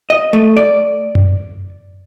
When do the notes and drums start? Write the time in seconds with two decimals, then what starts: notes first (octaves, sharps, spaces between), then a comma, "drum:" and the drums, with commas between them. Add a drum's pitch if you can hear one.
0.10 D#5
0.33 A3
0.57 D5
1.15 drum: tom F#2